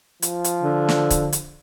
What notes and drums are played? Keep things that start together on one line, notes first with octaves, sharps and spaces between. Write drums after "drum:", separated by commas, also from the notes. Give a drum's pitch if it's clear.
F3, drum: hi-hat
drum: hi-hat
D3
drum: snare
drum: kick C#1, hi-hat
drum: hi-hat